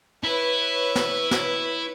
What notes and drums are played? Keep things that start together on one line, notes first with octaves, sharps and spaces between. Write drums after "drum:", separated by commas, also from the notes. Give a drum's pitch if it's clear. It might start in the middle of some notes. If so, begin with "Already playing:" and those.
E4 B4 C#5
drum: snare
drum: snare